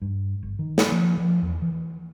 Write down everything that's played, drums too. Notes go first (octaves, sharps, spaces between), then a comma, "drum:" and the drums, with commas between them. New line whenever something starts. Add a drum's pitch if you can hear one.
G2
G1
D#3
drum: snare
F3
F3
E2
E3